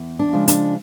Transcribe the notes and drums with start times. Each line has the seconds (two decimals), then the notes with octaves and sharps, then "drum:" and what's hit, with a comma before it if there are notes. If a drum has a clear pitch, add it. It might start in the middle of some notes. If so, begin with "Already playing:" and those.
Already playing: E2
0.19 D4
0.33 C#3 F3 G#3
0.48 D4, drum: hi-hat